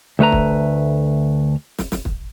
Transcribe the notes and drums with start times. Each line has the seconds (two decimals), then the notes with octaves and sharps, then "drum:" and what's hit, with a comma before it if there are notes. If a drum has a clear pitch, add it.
0.19 D2 A3 B4 A#5
0.32 drum: kick
1.79 drum: snare
1.92 drum: snare
2.05 drum: kick